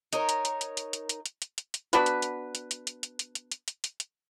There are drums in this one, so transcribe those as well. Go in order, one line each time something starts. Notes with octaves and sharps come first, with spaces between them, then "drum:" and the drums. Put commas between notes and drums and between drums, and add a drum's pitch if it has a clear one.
D#4 A#4 C#5, drum: hi-hat
drum: hi-hat
drum: hi-hat
drum: hi-hat
drum: hi-hat
drum: hi-hat
drum: hi-hat
drum: hi-hat
drum: hi-hat
drum: hi-hat
drum: hi-hat
B3 D4 F#4 B4, drum: hi-hat
drum: hi-hat
drum: hi-hat
drum: hi-hat
drum: hi-hat
drum: hi-hat
drum: hi-hat
drum: hi-hat
drum: hi-hat
drum: hi-hat
drum: hi-hat
drum: hi-hat
drum: hi-hat